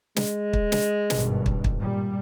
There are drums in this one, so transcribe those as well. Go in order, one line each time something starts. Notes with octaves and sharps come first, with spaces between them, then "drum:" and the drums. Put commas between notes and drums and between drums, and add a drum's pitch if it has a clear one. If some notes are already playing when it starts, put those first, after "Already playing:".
G#3, drum: snare
drum: kick
drum: snare
G#1 G2 B2, drum: snare
drum: kick
drum: kick
A#2 G3